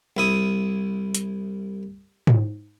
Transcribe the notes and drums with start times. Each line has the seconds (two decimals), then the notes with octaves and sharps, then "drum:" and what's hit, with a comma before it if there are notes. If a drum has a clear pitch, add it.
0.17 C2 E4 D#6
1.15 drum: hi-hat
2.27 drum: tom G#2